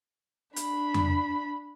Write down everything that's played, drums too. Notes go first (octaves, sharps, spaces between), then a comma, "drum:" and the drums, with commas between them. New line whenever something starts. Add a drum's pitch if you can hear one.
D4 B5, drum: hi-hat
drum: tom F2